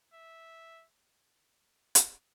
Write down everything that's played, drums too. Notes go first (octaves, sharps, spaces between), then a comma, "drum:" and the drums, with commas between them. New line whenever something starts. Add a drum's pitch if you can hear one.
E5
drum: hi-hat